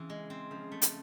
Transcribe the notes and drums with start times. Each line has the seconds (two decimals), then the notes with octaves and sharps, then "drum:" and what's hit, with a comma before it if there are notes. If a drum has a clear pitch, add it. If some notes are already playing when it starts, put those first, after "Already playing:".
Already playing: C#3 E3 C4
0.10 G#3
0.30 C4
0.51 C#3 F3
0.72 A3
0.82 drum: hi-hat